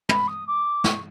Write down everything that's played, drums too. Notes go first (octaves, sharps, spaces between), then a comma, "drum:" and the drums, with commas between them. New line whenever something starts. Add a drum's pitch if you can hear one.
B5, drum: tom
D#6
D6
C#6, drum: snare